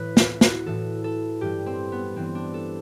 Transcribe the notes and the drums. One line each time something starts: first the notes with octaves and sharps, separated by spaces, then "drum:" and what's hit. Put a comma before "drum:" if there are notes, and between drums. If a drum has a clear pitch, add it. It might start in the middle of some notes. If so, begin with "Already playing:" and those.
Already playing: A2 E3 B4
E4, drum: snare
F#4, drum: snare
A2 E3 A4
A4
G2 E3 G4
C4
B3
G2 E3 C4
D4
A4